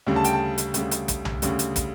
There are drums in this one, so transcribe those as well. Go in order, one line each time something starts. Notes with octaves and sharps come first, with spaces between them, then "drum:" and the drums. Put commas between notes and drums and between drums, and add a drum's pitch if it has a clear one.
D2 C#3 G3
A5
G5, drum: hi-hat
A5
drum: hi-hat
D2 C#3 G3, drum: hi-hat
drum: hi-hat
drum: kick, hi-hat
drum: tom B1
D2 C#3 G3, drum: hi-hat
drum: hi-hat
drum: kick, hi-hat